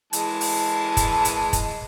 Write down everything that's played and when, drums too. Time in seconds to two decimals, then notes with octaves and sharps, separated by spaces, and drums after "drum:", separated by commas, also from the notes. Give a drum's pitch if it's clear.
0.13 E3 G#3 A5, drum: hi-hat
0.41 drum: open hi-hat
0.97 drum: kick, hi-hat
1.25 drum: hi-hat
1.53 drum: kick, hi-hat